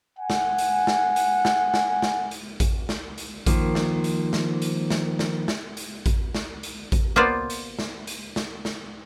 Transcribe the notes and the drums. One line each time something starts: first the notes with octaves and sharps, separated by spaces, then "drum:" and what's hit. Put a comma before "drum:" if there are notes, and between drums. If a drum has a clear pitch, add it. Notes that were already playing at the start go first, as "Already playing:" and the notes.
F#5 G#5
drum: snare
drum: hi-hat
drum: snare
drum: hi-hat
drum: snare
drum: snare
drum: snare
drum: hi-hat
drum: kick A1, hi-hat
drum: snare
drum: hi-hat
D#3 F3 A#3, drum: kick A1, hi-hat
drum: snare
drum: hi-hat
drum: snare
drum: hi-hat
drum: snare
drum: snare
drum: snare
drum: hi-hat
drum: kick A1, hi-hat
drum: snare
drum: hi-hat
drum: kick A1, hi-hat
A#3 B3 F4 C5 D5
drum: hi-hat
drum: snare
drum: hi-hat
drum: snare
drum: snare